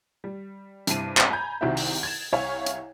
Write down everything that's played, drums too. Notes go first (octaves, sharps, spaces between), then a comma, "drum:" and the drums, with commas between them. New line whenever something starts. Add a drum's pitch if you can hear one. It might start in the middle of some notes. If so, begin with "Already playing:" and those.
G3
G2 C3 E4 A5 C7 D#7, drum: hi-hat
drum: clap
G#5 A#5 B5 G6 G#6
C2 C3 D#3 E4 F#4 E5
drum: open hi-hat
G#6 A6 E7
C2 E4 C#5 E5 F5 G#5
drum: hi-hat